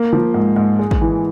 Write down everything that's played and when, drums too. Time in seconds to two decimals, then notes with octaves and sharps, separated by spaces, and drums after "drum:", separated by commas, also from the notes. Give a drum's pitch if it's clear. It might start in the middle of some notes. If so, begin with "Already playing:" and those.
Already playing: A#3
0.13 F3
0.34 G#2
0.56 G#2
0.79 G#3
0.91 drum: kick
1.01 E3